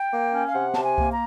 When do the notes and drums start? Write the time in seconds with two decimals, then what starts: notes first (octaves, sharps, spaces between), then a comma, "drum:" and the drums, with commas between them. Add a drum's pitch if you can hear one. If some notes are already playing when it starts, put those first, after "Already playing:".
Already playing: G5
0.12 A#3
0.33 C#4
0.47 F5
0.54 C3 F#5
0.74 C3 A5, drum: snare
0.83 G#5
0.98 A#3, drum: kick C2
1.11 A#5